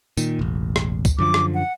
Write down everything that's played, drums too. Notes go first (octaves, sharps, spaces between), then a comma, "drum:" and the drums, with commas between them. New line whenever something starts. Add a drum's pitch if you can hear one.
A#2 D#3, drum: tambourine
E1 A1
drum: rim click
drum: kick, tambourine
F#2 D3 F3 D6
drum: rim click
F#5